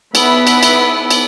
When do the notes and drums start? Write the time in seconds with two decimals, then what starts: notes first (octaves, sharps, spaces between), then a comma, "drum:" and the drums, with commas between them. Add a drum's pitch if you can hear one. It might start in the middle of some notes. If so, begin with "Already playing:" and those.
0.15 B3 E5 B5, drum: cymbal
0.47 drum: cymbal
0.63 drum: cymbal
1.11 drum: cymbal